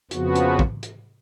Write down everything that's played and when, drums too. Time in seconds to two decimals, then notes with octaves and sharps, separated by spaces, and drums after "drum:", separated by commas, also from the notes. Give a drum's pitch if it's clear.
0.11 F2 C#3 F3 B3 F#4, drum: hi-hat
0.35 drum: hi-hat
0.59 drum: kick
0.83 drum: hi-hat